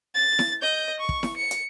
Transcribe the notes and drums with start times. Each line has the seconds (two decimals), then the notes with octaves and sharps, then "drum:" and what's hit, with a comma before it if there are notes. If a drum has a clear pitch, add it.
0.15 A6
0.39 drum: snare E4
0.62 D#5 G6
1.00 C#6
1.09 drum: kick
1.23 drum: snare E4
1.37 C#7
1.51 drum: hi-hat